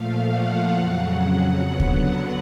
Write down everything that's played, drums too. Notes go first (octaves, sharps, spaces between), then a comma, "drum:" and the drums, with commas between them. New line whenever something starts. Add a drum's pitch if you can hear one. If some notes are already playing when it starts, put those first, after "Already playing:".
Already playing: A#2 F3 A3 F5
F#5
F2 C#3 F#3 F#5
D3 F#3 B3 F#5
drum: kick D2